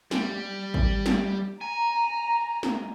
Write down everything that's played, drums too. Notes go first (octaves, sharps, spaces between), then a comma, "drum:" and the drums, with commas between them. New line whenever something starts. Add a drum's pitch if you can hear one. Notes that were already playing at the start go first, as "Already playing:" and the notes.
G3, drum: snare
drum: kick
drum: snare
G#5 A#5
drum: snare